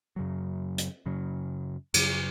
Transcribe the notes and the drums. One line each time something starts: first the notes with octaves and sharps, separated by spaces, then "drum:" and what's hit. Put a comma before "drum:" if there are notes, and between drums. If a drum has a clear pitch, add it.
F#2 C#3 F#3
drum: hi-hat
F#2 C#3 F#3
F#2 C#3 F#3, drum: cymbal